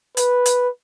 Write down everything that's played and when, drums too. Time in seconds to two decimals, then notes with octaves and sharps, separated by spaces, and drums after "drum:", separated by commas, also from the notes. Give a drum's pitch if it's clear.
0.17 B4, drum: hi-hat
0.46 drum: hi-hat